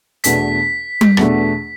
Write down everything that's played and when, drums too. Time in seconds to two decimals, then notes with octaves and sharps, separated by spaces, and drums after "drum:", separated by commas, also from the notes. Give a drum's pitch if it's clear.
0.24 E2 B2 A3 D4 B6, drum: hi-hat
1.01 drum: tom G3
1.17 E2 B2 A3 D4, drum: rim click